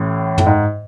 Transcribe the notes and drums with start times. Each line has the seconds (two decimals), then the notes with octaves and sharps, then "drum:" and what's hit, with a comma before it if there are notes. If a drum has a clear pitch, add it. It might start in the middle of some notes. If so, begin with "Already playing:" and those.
Already playing: A1 A2
0.38 A2, drum: tom
0.46 G#2